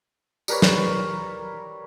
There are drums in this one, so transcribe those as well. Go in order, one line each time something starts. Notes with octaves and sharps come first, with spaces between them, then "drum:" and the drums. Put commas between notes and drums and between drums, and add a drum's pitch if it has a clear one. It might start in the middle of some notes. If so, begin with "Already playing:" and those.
G3 A#4 B4 C#5, drum: tambourine
drum: snare